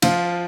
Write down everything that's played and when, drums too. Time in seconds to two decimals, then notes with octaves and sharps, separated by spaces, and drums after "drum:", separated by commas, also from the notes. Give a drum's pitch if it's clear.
0.02 F3 F4, drum: cymbal